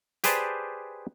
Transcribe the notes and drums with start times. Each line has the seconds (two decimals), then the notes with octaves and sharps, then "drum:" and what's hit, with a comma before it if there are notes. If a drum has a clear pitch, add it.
0.24 G4 G#4 B4 C5 D5 A5, drum: hi-hat